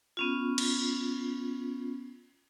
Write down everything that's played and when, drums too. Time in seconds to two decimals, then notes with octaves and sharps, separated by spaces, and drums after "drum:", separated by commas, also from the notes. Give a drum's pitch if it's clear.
0.17 B3 C#4 F4
0.58 drum: cymbal